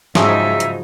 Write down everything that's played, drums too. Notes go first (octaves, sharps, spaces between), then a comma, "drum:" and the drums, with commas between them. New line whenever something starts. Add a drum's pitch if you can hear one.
G#2 C#3 F3 F#3 D#4 G#4 E5, drum: snare
drum: hi-hat